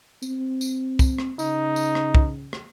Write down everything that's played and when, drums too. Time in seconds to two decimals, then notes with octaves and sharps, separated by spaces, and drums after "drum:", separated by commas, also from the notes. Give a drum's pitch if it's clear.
0.22 C4, drum: tambourine
0.61 drum: tambourine
0.99 drum: kick, tambourine
1.18 drum: rim click
1.39 C#3 D#4, drum: tambourine
1.76 drum: tambourine
1.95 drum: rim click
2.15 drum: kick
2.53 drum: rim click